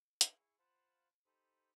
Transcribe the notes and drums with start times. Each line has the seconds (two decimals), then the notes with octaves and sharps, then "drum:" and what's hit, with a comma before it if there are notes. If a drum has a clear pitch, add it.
0.21 E4 G#4 C#6, drum: hi-hat
0.59 F4 C5 F5 F#5 A5 B5
1.26 D#4 G4 A4 C5 B5 D#6